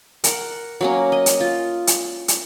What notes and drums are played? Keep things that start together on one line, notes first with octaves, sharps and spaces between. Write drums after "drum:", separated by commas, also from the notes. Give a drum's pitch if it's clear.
A#4 F#5, drum: hi-hat
F#3 A#3 C#4
D#5
drum: hi-hat
F4
drum: hi-hat
drum: hi-hat